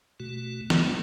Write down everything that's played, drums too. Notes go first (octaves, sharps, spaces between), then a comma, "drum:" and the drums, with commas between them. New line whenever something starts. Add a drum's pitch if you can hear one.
B2 A3 F#4
G#3 A3, drum: snare